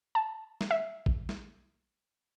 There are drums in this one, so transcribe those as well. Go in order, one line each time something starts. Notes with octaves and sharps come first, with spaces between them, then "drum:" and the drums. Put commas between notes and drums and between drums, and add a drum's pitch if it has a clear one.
A5
drum: snare
E5
drum: kick
drum: snare